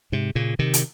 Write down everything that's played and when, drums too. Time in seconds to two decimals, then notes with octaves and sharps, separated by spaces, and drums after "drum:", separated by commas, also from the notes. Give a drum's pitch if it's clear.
0.12 G#2 C3
0.35 A#2 C#3
0.59 C3 D#3
0.74 drum: hi-hat